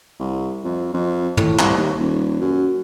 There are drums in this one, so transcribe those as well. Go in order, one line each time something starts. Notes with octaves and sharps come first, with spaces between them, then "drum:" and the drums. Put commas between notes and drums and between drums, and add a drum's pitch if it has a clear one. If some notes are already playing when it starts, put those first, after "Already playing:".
C2
F2
F2
A2, drum: tom
C2, drum: clap
D#2
D#1
F#2